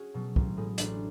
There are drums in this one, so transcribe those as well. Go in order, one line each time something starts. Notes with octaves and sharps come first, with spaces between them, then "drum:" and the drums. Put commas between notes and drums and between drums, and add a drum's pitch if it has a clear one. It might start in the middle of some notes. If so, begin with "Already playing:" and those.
Already playing: C#4 F#4 G#4
B2 F#3
A1, drum: kick
A2 G#3
A1 D4, drum: hi-hat